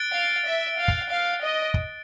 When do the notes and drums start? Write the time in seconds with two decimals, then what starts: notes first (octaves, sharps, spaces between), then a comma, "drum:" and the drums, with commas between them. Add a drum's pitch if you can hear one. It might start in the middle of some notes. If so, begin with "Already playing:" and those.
Already playing: F#6 A6 D7 G7
0.13 F5
0.45 E5
0.78 F5
0.88 drum: kick
1.10 F5
1.42 D#5
1.74 drum: kick